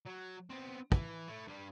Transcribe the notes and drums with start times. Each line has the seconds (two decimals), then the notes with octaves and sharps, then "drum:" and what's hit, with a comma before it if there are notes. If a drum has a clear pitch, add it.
0.06 F#3
0.50 B3 C4
0.92 E3, drum: kick
1.28 A3 E4
1.48 G2 G3